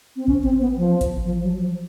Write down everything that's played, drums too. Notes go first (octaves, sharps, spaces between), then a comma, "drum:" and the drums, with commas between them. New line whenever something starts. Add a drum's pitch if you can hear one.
C4
C#4, drum: kick G#1
C4
B3
F3
drum: kick G#1, hi-hat
F3
F#3
F3